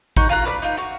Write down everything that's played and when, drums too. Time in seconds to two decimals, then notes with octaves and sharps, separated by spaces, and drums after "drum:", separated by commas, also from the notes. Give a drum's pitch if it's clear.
0.17 D#4 F#5 C#6, drum: kick
0.29 F4 F5 A#5 F#6
0.45 B4 D5 E5 B5
0.62 D#4 F4
0.77 F#4 F5